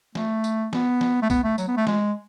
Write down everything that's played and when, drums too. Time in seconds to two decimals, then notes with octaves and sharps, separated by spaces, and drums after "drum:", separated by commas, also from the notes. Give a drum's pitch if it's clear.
0.15 A3, drum: snare
0.44 drum: tambourine
0.73 B3, drum: snare
1.01 drum: snare
1.22 A3
1.30 B3, drum: kick B1, tambourine
1.44 A3
1.58 F#3, drum: tambourine
1.68 B3
1.77 A3
1.87 G#3, drum: snare